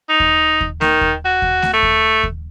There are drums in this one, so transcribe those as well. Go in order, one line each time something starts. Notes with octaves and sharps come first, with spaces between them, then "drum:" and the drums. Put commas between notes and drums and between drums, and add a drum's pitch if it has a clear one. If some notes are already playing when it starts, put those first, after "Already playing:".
D#4
drum: kick D#2
drum: kick D#2
D#3, drum: snare A3
drum: kick D#2
F#4
drum: kick D#2
drum: snare A3
A3
drum: kick D#2
drum: kick D#2